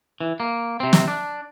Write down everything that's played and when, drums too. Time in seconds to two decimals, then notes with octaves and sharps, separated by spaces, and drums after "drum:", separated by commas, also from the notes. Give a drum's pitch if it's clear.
0.20 E3
0.40 A#3
0.80 C3 C4
0.93 drum: snare
1.08 D4